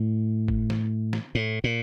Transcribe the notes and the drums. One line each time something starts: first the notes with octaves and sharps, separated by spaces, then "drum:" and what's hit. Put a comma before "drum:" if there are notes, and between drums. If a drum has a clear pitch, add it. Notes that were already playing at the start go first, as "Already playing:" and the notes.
Already playing: A2
drum: kick
drum: snare
drum: snare
A2
A#2